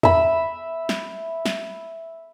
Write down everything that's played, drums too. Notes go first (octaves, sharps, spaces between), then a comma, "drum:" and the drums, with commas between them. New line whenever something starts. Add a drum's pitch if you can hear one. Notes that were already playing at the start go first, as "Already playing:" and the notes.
E5 B5, drum: tom E2
drum: snare
drum: snare